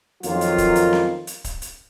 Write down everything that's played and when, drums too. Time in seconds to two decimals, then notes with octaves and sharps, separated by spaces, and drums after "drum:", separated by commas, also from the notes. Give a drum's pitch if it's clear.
0.23 F2 D#3 F#3 A#3 F4, drum: hi-hat
0.41 drum: hi-hat
0.58 drum: kick C#1, hi-hat
0.75 drum: hi-hat
0.93 drum: snare C4
1.27 drum: hi-hat
1.44 drum: kick C#1, hi-hat
1.62 drum: hi-hat